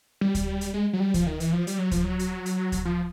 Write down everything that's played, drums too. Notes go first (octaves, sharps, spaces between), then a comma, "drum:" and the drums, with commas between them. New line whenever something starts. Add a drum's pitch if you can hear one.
G3
drum: kick D2, hi-hat
drum: hi-hat
G#3
F#3
G3
F3, drum: kick D2, hi-hat
D#3
E3, drum: hi-hat
F3
G3, drum: hi-hat
F#3
F3, drum: kick D2, hi-hat
F#3
drum: hi-hat
drum: hi-hat
drum: kick D2, hi-hat
F3